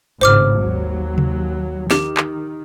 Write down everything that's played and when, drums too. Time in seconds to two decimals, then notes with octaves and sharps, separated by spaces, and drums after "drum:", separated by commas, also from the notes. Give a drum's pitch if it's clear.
0.21 G#1 A2 C#3 C5 D6 F6
0.63 D#2 F#3
1.18 drum: tom C3
1.91 D#3 G4, drum: snare
2.17 drum: clap